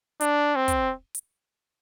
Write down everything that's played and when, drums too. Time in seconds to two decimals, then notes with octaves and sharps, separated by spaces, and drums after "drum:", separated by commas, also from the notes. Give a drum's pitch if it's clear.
0.21 D4, drum: hi-hat
0.56 C4
0.68 drum: kick, hi-hat
1.15 drum: hi-hat